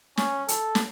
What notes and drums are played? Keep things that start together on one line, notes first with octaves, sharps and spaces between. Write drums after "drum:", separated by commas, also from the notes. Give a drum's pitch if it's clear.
C#4, drum: snare
A4, drum: hi-hat
drum: snare